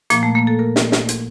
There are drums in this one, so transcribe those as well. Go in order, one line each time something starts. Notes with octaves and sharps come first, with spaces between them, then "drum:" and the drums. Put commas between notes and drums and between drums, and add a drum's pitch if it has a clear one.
A#2 F3 A#3, drum: hi-hat
A3
A#3
A4
A#4
drum: snare
drum: snare
drum: hi-hat